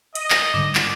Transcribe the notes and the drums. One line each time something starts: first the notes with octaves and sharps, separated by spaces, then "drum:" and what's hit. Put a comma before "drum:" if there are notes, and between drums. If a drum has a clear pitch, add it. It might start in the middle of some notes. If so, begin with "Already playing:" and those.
D#5, drum: hi-hat
drum: clap
G#2 D3 G3 D6
drum: clap